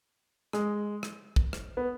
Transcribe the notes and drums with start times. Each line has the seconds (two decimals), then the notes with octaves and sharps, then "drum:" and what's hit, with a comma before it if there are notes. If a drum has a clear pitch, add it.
0.53 G#3, drum: rim click
1.03 drum: rim click
1.36 drum: kick
1.53 drum: rim click
1.77 B3